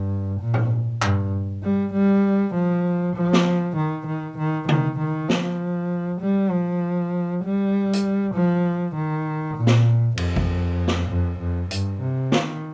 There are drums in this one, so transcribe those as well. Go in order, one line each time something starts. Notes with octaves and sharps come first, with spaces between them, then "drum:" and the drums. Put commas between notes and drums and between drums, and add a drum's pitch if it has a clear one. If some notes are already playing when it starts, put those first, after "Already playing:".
Already playing: G2
A#2
drum: tom
G2, drum: clap
G3
G3
F3
F3
drum: snare
D#3
D#3
D#3
D#3, drum: tom C3
D#3
F3, drum: snare
G3
F3
G3
drum: hi-hat
F3
D#3
A#2
drum: snare
F2, drum: cymbal
drum: kick G#1
drum: snare
F2
F2
G2, drum: hi-hat
C3
D#3, drum: snare